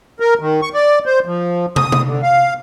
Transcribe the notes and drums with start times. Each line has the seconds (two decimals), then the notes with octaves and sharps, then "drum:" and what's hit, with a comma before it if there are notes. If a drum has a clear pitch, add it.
0.20 A#4
0.39 D#3
0.62 C#6
0.74 D5
1.06 C5
1.26 F3
1.76 D#6, drum: tom
1.92 drum: tom C3
2.06 D3
2.22 F5